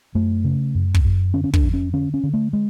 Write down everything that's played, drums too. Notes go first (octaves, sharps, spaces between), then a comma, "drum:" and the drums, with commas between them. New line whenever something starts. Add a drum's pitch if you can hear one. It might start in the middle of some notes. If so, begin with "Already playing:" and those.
F#2 A3
C#3
F#2
drum: kick
F#2
D3 C#4
C#4
D4, drum: kick
F2
C#4
D3 C#4
C#4
D3
A3
G#3